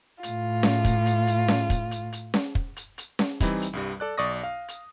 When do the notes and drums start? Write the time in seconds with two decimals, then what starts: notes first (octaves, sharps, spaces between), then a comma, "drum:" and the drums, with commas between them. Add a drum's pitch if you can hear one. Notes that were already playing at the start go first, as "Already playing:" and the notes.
0.23 A2 F4, drum: hi-hat
0.63 drum: snare C#4
0.85 drum: kick, hi-hat
1.06 drum: hi-hat
1.27 drum: hi-hat
1.49 drum: snare C#4
1.70 drum: kick, hi-hat
1.91 drum: hi-hat
2.12 drum: hi-hat
2.34 drum: snare C#4
2.55 drum: kick
2.76 drum: hi-hat
2.98 drum: hi-hat
3.19 drum: snare C#4
3.40 E3 G3 C4 D#4 E4, drum: kick, hi-hat
3.62 drum: hi-hat
3.73 C2 G2 G3
4.00 A4 D5 F#6
4.17 B1 D5 C#6 D#6 A#6
4.43 F5
4.68 drum: hi-hat